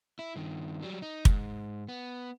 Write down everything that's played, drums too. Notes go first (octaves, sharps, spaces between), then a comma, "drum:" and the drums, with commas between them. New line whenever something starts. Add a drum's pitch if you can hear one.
E4
G2 D#3
F#3 G3
D#4
G#2, drum: kick
B3